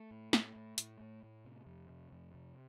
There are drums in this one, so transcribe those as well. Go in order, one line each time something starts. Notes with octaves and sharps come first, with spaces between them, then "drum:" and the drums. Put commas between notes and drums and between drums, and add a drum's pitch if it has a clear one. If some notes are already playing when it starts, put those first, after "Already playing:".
Already playing: A3
A2
A2, drum: snare
A2
A2, drum: hi-hat
A2
A2
C3
F2
C3
F2
C3